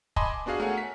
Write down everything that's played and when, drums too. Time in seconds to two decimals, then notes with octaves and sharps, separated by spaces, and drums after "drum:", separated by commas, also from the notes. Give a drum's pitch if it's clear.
0.16 D#5 G#5 A5 B5 C6 D6, drum: kick
0.29 D6
0.46 B3 D4 F#4 G#4 F5
0.60 A3 A#4 C#5 F5 F#5 G#5
0.78 B6